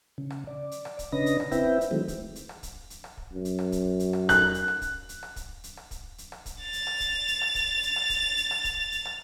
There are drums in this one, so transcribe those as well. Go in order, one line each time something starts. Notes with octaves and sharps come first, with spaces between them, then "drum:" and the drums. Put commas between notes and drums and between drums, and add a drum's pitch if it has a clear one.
C#3
drum: rim click
D5
drum: hi-hat
drum: rim click
drum: kick, hi-hat
C#3 C#4 D4 B4 D#5 A#6
drum: hi-hat
drum: rim click
C4 E4 B4 E5 G5, drum: kick, hi-hat
drum: hi-hat
D#3 E3 F#3 G#3 A3 C4
drum: kick, hi-hat
drum: hi-hat
drum: rim click
drum: kick, hi-hat
drum: hi-hat
drum: rim click
drum: kick
F#2
drum: hi-hat
drum: rim click
drum: kick, hi-hat
drum: hi-hat
drum: rim click
F#6, drum: kick, hi-hat
drum: hi-hat
drum: rim click
drum: kick, hi-hat
drum: hi-hat
drum: rim click
drum: kick, hi-hat
drum: hi-hat
drum: rim click
drum: kick, hi-hat
drum: hi-hat
drum: rim click
drum: kick, hi-hat
A6 F7
drum: hi-hat
drum: rim click
drum: kick, hi-hat
drum: hi-hat
drum: rim click
drum: kick, hi-hat
drum: hi-hat
drum: rim click
drum: kick, hi-hat
drum: hi-hat
drum: rim click
drum: kick, hi-hat
drum: hi-hat
drum: rim click